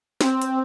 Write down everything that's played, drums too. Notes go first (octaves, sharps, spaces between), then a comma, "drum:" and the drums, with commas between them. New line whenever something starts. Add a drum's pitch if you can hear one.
C4, drum: snare
drum: hi-hat